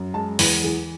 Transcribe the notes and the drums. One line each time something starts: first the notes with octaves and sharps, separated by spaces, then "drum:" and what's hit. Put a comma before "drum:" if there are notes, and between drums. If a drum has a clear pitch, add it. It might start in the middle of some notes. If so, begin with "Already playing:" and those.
Already playing: F#2
G#3 A5
E2 B4, drum: open hi-hat
E3 G#4